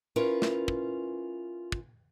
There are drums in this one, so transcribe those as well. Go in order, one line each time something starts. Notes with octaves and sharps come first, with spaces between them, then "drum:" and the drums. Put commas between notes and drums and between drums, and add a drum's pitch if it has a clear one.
C#4 E4 F4 A#4 B4
drum: snare
drum: kick
drum: kick